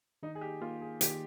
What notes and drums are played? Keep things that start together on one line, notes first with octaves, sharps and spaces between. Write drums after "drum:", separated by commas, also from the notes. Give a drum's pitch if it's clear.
D#3 D#4
G#4
G4
A#3 F4
G#4
D#3 G4, drum: hi-hat